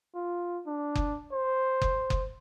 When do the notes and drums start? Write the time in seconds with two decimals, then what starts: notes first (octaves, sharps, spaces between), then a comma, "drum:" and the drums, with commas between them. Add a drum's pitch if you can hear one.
0.15 F4
0.67 D4
0.96 drum: kick F#1
1.33 C5
1.82 drum: kick F#1
2.10 drum: kick F#1